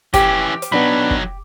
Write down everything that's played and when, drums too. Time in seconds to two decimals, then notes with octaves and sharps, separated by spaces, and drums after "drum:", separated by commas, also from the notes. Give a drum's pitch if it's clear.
0.14 E3 C#4 G4, drum: kick, hi-hat
0.62 drum: hi-hat
0.72 F#3 B3 D4 D#4 B5
1.11 drum: kick